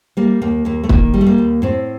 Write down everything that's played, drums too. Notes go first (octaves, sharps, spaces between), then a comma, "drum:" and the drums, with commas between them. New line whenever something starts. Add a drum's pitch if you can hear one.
G3 A#3
D#2 A#3
D#2 A#3
A3
D#3 A#3, drum: kick
G3
A3
A#3
D#2
A2 C4